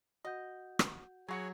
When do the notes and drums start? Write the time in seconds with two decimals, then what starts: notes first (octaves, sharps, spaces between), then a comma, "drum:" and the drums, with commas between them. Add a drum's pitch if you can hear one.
0.25 F#4 D#5 F#5 G6
0.79 drum: rim click
1.28 C#3 F#3 F#4 G#4 C#5 G#6 C#7